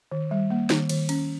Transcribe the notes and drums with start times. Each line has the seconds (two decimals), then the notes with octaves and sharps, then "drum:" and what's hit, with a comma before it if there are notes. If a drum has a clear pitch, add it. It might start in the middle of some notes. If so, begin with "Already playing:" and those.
0.12 D#3
0.31 G3
0.50 A#3
0.70 D#3, drum: snare
0.89 D#3, drum: cymbal
1.09 C#4, drum: cymbal